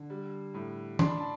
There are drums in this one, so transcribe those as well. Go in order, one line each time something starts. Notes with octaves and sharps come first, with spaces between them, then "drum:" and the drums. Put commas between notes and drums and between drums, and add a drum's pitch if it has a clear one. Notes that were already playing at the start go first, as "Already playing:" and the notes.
Already playing: D3
G3
A2
D4 C6, drum: tom E3
B5
A5